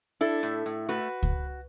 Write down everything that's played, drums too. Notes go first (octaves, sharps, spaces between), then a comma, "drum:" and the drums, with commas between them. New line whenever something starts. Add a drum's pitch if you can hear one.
D4 E4 A4
A2
A2
A3 F#4 B4
drum: kick C#2